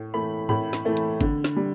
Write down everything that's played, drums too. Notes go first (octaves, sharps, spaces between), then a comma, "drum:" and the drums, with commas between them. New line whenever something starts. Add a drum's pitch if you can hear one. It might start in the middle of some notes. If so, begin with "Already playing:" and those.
Already playing: A2
E3 A3 B5
A2 B5, drum: tom G#2
drum: snare
E3 A3
drum: hi-hat
D3, drum: kick, hi-hat
drum: snare
G3